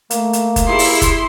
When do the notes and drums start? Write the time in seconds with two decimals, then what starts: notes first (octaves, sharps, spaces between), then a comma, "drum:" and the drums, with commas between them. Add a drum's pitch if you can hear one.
0.10 A3 A#3, drum: hi-hat
0.33 drum: hi-hat
0.56 drum: kick F1, hi-hat
0.67 E4 G4 G#4 C6
0.79 drum: open hi-hat
1.02 drum: kick F1, hi-hat